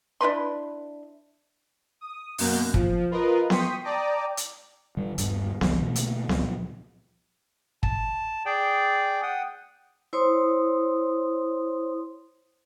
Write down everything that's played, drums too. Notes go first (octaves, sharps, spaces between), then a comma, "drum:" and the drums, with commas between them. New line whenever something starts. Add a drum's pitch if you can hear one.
D4 E4 B4 C6
D#6
F#2 B2 A#3 F#6 G6, drum: open hi-hat
F3, drum: kick
F4 A#4 B4 D#5
G5 C6 C#6 D#6 B6, drum: snare B3
D5 G5 A5 A#5 D6 D#6
drum: hi-hat
D3 G3
D#1 G2 D3 G3, drum: hi-hat
F1 C2 E3 G3, drum: snare B3
B2 D3 A3 A#3
drum: hi-hat
C#2 F3 G3 C4, drum: snare B3
A#2 F3 F#3
A5, drum: kick
G#4 D5 G5
F#5 G5 D#6
E4 C5 C#5 C6 D#6